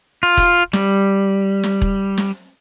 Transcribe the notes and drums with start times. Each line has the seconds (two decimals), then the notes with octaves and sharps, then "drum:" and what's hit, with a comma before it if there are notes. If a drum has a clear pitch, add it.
0.23 F4
0.37 drum: kick E1
0.73 G3, drum: snare
1.63 drum: snare
1.82 drum: kick E1
2.18 drum: snare